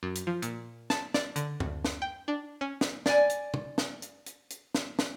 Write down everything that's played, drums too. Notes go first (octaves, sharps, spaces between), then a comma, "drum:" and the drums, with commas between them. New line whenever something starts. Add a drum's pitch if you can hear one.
F#2
drum: hi-hat
F3
A#2, drum: hi-hat
A5, drum: snare
D5, drum: snare
D3, drum: hi-hat
D2, drum: tom
drum: snare
G5
D4
C#4
drum: snare
D5 G#5, drum: snare
drum: hi-hat
drum: tom
drum: snare
drum: hi-hat
drum: hi-hat
drum: hi-hat
drum: snare
drum: snare